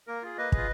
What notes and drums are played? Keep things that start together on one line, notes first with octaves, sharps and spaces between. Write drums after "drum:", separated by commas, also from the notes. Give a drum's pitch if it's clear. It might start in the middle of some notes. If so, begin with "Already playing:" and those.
A#3 A#4
F4 G#4
A#3 B4 D#5
F4 G#4, drum: kick